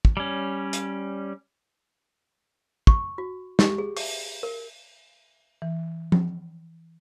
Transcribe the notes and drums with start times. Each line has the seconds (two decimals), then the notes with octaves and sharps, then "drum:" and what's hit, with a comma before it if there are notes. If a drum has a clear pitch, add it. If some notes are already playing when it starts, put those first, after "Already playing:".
0.05 drum: kick
0.17 G3 C#4
0.73 drum: hi-hat
2.87 C#6, drum: kick
3.18 F#4
3.59 G4, drum: snare
3.78 G#4
3.97 D6, drum: open hi-hat
4.43 A#4
5.62 E3
6.12 drum: tom F3